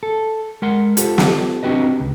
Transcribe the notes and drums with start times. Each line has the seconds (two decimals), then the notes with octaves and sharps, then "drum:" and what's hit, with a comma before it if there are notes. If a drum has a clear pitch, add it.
0.03 A4
0.62 G#3 A#4 F#5 C6
0.97 F4 G4 A4 C5, drum: hi-hat
1.18 drum: snare
1.63 C4 D4 F#4 G4 B4 D#5
2.00 C#2